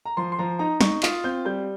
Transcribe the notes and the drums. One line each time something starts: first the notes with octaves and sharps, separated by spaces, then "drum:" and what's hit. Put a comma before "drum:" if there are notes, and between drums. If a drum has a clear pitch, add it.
A#5
F3 C6
C6
F3 A#5
D#4 A#5
D#4 C#6, drum: snare
F4 D#6, drum: clap
C4 G6
G3 G6